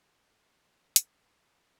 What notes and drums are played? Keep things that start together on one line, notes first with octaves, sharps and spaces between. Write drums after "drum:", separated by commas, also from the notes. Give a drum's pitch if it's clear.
D#3 F#3 A#3 F#4
drum: hi-hat